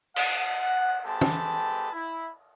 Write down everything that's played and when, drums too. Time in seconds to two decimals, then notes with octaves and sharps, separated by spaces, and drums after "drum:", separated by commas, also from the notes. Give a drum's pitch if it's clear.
0.16 F#5, drum: cymbal
1.05 G#3 C4 G4 A4 B4 A5
1.21 drum: tom
1.93 E4